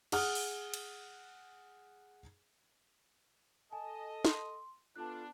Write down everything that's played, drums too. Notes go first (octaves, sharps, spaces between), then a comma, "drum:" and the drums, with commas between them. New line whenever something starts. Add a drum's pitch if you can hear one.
G#4 F#5 D#6 F6, drum: cymbal
drum: open hi-hat
drum: cymbal
A4 D#5 G#5 A5
C6, drum: snare
B3 D4 F4 A4 A5 F#6